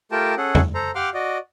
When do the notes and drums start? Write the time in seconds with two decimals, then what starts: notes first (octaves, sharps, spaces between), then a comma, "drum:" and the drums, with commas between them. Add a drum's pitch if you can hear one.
0.12 A3 F4 G4 A#4 G5 A5
0.37 C#4 G#4 A4 F#5
0.55 drum: tom
0.75 A4 C5 A#5
0.95 G4 F5 F#5 C6 D6 F6
1.14 F#4 D5 D#5